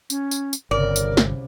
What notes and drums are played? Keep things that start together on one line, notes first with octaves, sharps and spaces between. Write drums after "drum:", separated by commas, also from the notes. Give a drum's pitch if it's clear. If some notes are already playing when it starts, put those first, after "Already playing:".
C#4, drum: tambourine
drum: tambourine
drum: tambourine
G1 C2 C#3 A#4 D5
drum: tambourine
drum: snare